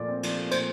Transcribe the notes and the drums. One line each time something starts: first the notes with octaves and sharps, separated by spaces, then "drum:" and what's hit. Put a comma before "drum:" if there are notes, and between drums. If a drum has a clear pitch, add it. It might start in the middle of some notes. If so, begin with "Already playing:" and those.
Already playing: A#2 F3 A3 D5
C4
F3, drum: cymbal
A3
A#2 C5, drum: cymbal